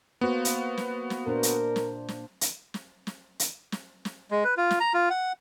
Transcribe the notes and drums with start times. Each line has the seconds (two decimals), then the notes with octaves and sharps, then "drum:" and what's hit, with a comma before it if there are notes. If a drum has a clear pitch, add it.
0.21 A#3 B3 F#4 C5
0.45 drum: hi-hat
0.77 drum: snare
1.10 drum: snare
1.27 A#2 D4 A#4 C5
1.43 drum: hi-hat
1.76 drum: snare
2.08 drum: snare
2.41 drum: hi-hat
2.74 drum: snare
3.07 drum: snare
3.40 drum: hi-hat
3.72 drum: snare
4.05 drum: snare
4.31 G#3
4.44 B4
4.57 F4
4.71 drum: snare
4.80 A#5
4.94 F4
5.10 F#5